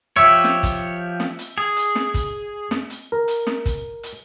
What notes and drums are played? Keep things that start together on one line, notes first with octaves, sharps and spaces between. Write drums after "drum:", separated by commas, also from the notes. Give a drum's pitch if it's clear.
F3 G4 C#5 E5
drum: snare
drum: kick, hi-hat
drum: snare
drum: hi-hat
G#4
drum: hi-hat
drum: snare
drum: kick, hi-hat
drum: snare
drum: hi-hat
A#4
drum: hi-hat
drum: snare
drum: kick, hi-hat
drum: hi-hat